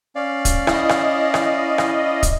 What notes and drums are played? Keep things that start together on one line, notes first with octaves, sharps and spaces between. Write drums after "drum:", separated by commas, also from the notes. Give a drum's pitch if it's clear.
C#4 D5 F5
drum: kick, hi-hat
E4 D#5, drum: rim click
drum: rim click
drum: rim click
drum: rim click
drum: kick, hi-hat